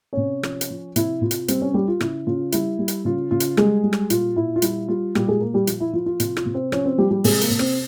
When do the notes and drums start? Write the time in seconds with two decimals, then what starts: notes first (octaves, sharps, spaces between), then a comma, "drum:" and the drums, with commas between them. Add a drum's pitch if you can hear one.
0.13 C3 C#4 C#5
0.43 F3, drum: rim click
0.61 drum: hi-hat
0.70 F3
0.96 C3 E4, drum: hi-hat
1.22 C3 F4
1.31 drum: hi-hat
1.48 G3 C4 C5, drum: hi-hat
1.61 C#4 C#5
1.74 G3 G4
1.88 F4
2.00 C#3 E4, drum: rim click
2.27 C#3 F4
2.52 G3 E4, drum: hi-hat
2.79 G3
2.88 drum: hi-hat
3.05 C#3 F4
3.31 C#3 F4
3.40 drum: hi-hat
3.57 G3 G#3 G#4, drum: rim click
3.83 G3
3.93 drum: rim click
4.10 A#2 F4, drum: hi-hat
4.36 A#2 E4
4.56 F4
4.62 G3 E4, drum: hi-hat
4.88 G3 F4
5.15 A#2 G3 G4, drum: rim click
5.28 G#3 G#4
5.41 A#2 A#3 A#4
5.54 G3 G4
5.67 F3 F4, drum: hi-hat
5.80 E4
5.93 F3 F4
6.06 F4
6.20 C3 F4, drum: hi-hat
6.37 F4, drum: rim click
6.46 C3
6.54 C4 C5
6.72 F3 C#4 C#5, drum: rim click
6.85 C4 C5
6.98 F3 G3 G4
7.11 G3 G4
7.24 C3 G#3 G#4, drum: open hi-hat
7.41 A#3 A#4, drum: hi-hat
7.50 C3
7.59 C4 C5, drum: rim click